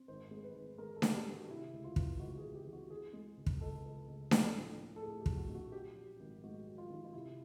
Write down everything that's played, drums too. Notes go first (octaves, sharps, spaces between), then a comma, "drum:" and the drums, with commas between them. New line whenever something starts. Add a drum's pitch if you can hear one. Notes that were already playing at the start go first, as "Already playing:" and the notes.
Already playing: C4
G#1 C5
G#3
B4
G#1
G#3 A#4
A4
G#1, drum: snare D4
G4
G#3
F#4
C3 E4
C#2
F4
E3, drum: kick
C#2 F#4
C#2 G#4
G4
E3
F#4
E3 G#4
G#3
C#2
drum: kick
C#2 A4
C#2
C#2
F3, drum: snare D4
A2
A#3
A4
A2 G#4
G4
F3, drum: kick
F#4
A#1
F#4
F#3 G4
F#3
G#1
G#2 F#4
F#3
F4
D#3
F4
C3 E4